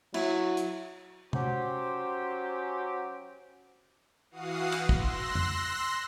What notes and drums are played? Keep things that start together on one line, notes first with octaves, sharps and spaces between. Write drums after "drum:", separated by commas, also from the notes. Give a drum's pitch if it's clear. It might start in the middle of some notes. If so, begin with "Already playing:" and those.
F#3 E4, drum: cymbal
drum: hi-hat
F#3 C#4 G4 C5, drum: tom
E3 F#4 F5 F#5 D#6 C7
drum: cymbal
C6 E6 F#6 A#6, drum: kick
drum: tom F2